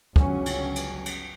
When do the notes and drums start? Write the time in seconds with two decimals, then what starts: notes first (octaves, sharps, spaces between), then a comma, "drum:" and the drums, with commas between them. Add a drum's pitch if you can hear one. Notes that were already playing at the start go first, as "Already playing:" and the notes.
0.16 G1 C#2 F#3 C#4, drum: kick
0.46 drum: cymbal
0.76 drum: cymbal
1.06 drum: cymbal